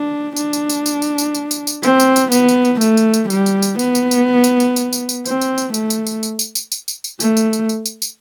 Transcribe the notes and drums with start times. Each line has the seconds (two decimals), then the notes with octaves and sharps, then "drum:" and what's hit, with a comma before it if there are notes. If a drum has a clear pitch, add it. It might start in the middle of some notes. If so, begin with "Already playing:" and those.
Already playing: D4
0.36 D4, drum: tambourine
0.53 drum: tambourine
0.69 drum: tambourine
0.86 drum: tambourine
1.02 drum: tambourine
1.18 drum: tambourine
1.35 drum: tambourine
1.51 drum: tambourine
1.67 drum: tambourine
1.83 C4, drum: tambourine
2.00 drum: tambourine
2.16 drum: tambourine
2.32 B3, drum: tambourine
2.48 drum: tambourine
2.65 drum: tambourine
2.81 A3, drum: tambourine
2.97 drum: tambourine
3.14 drum: tambourine
3.30 G3, drum: tambourine
3.46 drum: tambourine
3.62 drum: tambourine
3.79 B3, drum: tambourine
3.95 drum: tambourine
4.11 drum: tambourine
4.44 drum: tambourine
4.60 drum: tambourine
4.76 drum: tambourine
4.93 drum: tambourine
5.09 drum: tambourine
5.26 C4, drum: tambourine
5.41 drum: tambourine
5.58 drum: tambourine
5.74 A3, drum: tambourine
5.90 drum: tambourine
6.07 drum: tambourine
6.23 drum: tambourine
6.39 drum: tambourine
6.55 drum: tambourine
6.72 drum: tambourine
6.88 drum: tambourine
7.04 drum: tambourine
7.20 A3, drum: tambourine
7.37 drum: tambourine
7.53 drum: tambourine
7.69 drum: tambourine
7.86 drum: tambourine
8.02 drum: tambourine